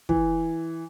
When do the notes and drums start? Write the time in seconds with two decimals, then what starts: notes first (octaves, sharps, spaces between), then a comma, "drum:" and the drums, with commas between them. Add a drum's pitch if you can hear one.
0.09 E3, drum: kick